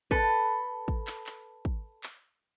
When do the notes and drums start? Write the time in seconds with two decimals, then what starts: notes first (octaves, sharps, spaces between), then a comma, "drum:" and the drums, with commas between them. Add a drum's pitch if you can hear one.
0.11 A4 B4, drum: kick
0.88 drum: kick
1.07 drum: clap
1.26 drum: clap
1.65 drum: kick
2.04 drum: clap